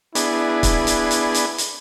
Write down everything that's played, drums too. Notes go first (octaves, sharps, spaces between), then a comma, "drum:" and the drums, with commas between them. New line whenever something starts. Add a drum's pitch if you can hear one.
B3 D4 E4 G#4, drum: hi-hat
drum: kick, hi-hat
drum: hi-hat
drum: hi-hat
drum: hi-hat
drum: hi-hat